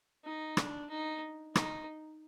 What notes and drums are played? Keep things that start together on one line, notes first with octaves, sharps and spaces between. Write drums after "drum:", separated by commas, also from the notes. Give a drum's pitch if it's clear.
D#4
D4, drum: rim click
D#4
D#4, drum: rim click